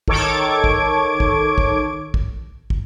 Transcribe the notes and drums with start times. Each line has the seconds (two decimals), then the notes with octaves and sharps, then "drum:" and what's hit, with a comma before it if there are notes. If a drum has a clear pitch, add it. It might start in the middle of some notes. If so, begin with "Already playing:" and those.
0.08 D#3 A4 C#5 D6 G#6 D7, drum: kick
0.64 drum: kick
1.20 drum: kick
1.58 drum: kick
2.14 drum: kick
2.70 drum: kick